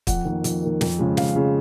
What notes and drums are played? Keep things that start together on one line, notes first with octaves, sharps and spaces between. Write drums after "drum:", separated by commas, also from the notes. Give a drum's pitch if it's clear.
F2 F#5, drum: kick, hi-hat
D#3 A#3
F2, drum: hi-hat
D#3 A#3
F2, drum: snare
C#3 F3 G#3
F2 F5, drum: snare
C#3 F3 G#3